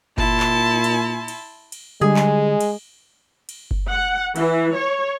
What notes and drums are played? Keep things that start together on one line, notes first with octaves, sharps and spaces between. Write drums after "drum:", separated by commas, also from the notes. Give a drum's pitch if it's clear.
A#2 E4 A5 C6, drum: kick F#1
drum: clap
drum: cymbal
drum: cymbal
drum: cymbal
D3 G3 G#3 G#4
drum: clap
drum: cymbal
drum: cymbal
drum: kick F#1
F#5
E3, drum: cymbal
C#5